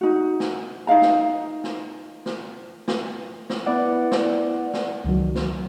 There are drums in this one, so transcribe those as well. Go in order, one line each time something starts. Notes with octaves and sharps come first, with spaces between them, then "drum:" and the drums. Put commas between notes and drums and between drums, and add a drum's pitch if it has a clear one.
D#4 F#4
drum: snare
D#4 D#5 F5 A#5
drum: snare
drum: snare
drum: snare
drum: snare
drum: snare
B3 E4 D5 F#5
drum: snare
drum: snare
C#2 D#3 F#3
drum: snare